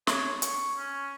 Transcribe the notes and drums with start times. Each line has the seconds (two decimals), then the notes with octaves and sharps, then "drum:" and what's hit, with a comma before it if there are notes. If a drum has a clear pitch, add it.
0.07 C#5, drum: snare
0.42 C#6, drum: hi-hat
0.77 C#4